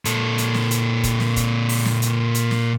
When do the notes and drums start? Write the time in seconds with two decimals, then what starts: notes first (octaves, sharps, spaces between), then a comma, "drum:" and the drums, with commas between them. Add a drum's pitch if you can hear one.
0.05 A#2 A4, drum: hi-hat
0.38 drum: hi-hat
0.54 drum: snare
0.71 drum: hi-hat
1.03 drum: kick, hi-hat
1.20 drum: snare
1.36 drum: kick, hi-hat
1.69 drum: open hi-hat
1.85 drum: snare
2.02 drum: hi-hat
2.35 drum: hi-hat
2.51 drum: snare